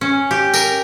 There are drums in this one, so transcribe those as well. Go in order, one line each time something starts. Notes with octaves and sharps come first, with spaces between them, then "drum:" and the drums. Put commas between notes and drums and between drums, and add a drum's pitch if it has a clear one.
C#4
G4
A#4, drum: tambourine